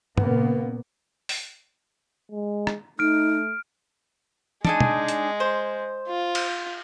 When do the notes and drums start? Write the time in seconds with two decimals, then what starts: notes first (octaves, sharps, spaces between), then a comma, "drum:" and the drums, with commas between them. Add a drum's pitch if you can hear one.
0.18 A#2 C#3 A#3 B3, drum: tom
1.29 drum: open hi-hat
2.31 G#3
2.67 drum: rim click
2.99 A3 D#4 F6 D7
4.65 G#3 D4 D#4 G#5, drum: tom
4.80 drum: tom
5.08 drum: hi-hat
5.40 C5
6.08 F4
6.35 drum: cymbal